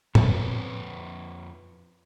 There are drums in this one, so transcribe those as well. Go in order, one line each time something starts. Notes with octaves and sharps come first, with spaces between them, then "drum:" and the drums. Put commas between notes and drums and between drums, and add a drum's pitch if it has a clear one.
F2 C4 B4 C#5, drum: tom